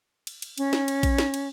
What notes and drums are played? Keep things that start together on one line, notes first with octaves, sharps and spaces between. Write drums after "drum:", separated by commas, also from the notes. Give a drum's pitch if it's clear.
drum: cymbal
drum: cymbal
C#4, drum: cymbal
drum: snare
drum: cymbal
drum: kick A#1, cymbal
drum: snare
drum: cymbal